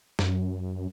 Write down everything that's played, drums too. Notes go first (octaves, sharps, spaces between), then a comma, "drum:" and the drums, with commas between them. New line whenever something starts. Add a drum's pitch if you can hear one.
F#2, drum: snare